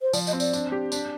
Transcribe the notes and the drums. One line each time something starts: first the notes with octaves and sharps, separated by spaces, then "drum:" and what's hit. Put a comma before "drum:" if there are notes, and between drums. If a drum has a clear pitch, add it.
C5
F3 D5, drum: tambourine
D#5, drum: tambourine
C4
D5, drum: tambourine
D4, drum: tambourine
G4
D4, drum: tambourine